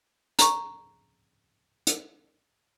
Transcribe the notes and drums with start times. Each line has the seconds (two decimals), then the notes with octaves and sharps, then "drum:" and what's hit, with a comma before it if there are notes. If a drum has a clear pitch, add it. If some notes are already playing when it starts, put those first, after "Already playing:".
0.39 A#5 C#6, drum: hi-hat
1.87 drum: hi-hat